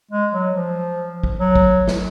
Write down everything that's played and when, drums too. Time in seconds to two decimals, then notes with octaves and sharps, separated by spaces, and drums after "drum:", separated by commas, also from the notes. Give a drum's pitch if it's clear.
0.11 G#3
0.33 F#3
0.54 F3
1.23 drum: kick
1.39 F#3
1.56 drum: kick
1.88 drum: snare